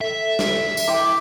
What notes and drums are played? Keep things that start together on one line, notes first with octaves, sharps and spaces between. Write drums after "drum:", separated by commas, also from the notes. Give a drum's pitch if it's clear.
A4 E5
drum: snare
drum: tambourine
E4 G5 C6 D6